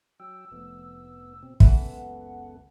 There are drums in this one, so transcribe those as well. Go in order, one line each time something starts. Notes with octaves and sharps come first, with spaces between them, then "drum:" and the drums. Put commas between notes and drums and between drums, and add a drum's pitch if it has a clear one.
F#3 G5 E6
F1 F3 A3 B3
B2 C4
C#3 E3 B3 A4 F#5, drum: kick
F#1 C#2